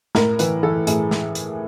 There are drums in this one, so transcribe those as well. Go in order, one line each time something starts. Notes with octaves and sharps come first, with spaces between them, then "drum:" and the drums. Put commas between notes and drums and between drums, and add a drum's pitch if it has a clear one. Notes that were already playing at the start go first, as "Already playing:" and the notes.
A2 A#4, drum: snare
E3 B4, drum: hi-hat
E3 A4
A2 G#4, drum: hi-hat
drum: snare
drum: hi-hat